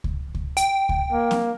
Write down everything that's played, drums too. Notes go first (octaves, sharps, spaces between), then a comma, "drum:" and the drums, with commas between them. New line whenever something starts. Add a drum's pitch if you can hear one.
drum: kick C#2
drum: kick C#2
G5, drum: hi-hat
drum: kick C#2
A#3
drum: snare C4